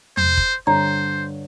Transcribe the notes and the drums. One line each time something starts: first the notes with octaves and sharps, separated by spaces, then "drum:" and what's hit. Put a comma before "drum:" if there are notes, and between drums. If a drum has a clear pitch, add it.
C5, drum: tom E2
drum: kick F1
G2 D3 C5 C#5 A#5